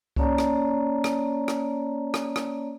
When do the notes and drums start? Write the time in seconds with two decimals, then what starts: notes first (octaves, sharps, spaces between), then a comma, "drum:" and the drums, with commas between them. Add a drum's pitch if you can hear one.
0.16 A#3 C#4 C#5 D5 A5 A#5, drum: kick C2
0.38 drum: rim click
1.04 drum: rim click
1.48 drum: rim click
2.14 drum: rim click
2.36 drum: rim click